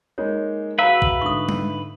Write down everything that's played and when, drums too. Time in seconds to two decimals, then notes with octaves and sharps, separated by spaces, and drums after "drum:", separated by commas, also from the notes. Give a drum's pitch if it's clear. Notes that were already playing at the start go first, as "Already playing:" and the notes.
0.18 G#3 A#3 D#4 C#5
0.79 F#4 G#4 B4 C#5 E5 F5 A#5
1.02 drum: kick
1.21 G#2 D3 C#6 D#6
1.49 drum: tom G3